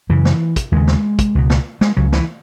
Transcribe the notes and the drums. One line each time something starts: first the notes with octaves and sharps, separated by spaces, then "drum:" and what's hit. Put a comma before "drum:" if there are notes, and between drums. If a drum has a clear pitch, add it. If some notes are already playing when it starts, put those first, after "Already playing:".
F#2 C#3 E3
drum: snare
drum: kick, hi-hat
D#2 C#3 G#3
drum: snare
drum: kick, hi-hat
C#2 B2
drum: snare
G#3, drum: snare
C#2 C#3 F#3
E3, drum: snare